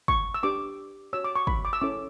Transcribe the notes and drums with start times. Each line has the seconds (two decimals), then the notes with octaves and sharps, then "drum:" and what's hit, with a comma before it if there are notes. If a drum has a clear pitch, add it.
0.08 C#6, drum: kick
0.34 E6
0.43 D4 G4 B4 D6
1.13 F#4 C#5 E6
1.24 D6
1.36 C#6
1.47 B5, drum: kick
1.65 D6
1.73 E6
1.81 C#4 E4 A4 C#5 D6